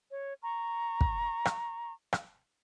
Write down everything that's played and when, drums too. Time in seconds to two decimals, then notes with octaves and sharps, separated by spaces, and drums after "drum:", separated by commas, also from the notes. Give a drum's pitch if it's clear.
0.11 C#5
0.42 A#5 C#6
1.01 drum: kick
1.45 drum: rim click
2.13 drum: rim click